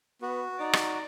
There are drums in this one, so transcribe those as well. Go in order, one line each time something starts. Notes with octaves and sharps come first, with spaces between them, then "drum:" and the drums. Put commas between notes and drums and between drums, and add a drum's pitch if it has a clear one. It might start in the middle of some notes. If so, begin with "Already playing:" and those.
B3 F#4 B4
D#4 D5 A#5
drum: rim click